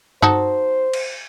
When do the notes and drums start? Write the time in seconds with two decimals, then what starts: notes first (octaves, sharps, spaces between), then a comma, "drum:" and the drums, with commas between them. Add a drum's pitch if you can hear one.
0.22 D#4 F#4 A4 C5, drum: tom G2
0.93 drum: cymbal